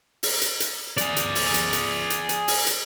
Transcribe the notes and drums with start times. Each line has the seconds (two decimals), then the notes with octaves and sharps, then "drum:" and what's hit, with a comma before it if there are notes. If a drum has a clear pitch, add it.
0.23 drum: open hi-hat
0.42 drum: hi-hat
0.60 drum: hi-hat
0.98 G#4 D5, drum: hi-hat
1.16 drum: hi-hat
1.35 drum: open hi-hat
1.54 drum: hi-hat
1.73 drum: hi-hat
2.10 drum: hi-hat
2.29 drum: hi-hat
2.48 drum: open hi-hat
2.66 drum: hi-hat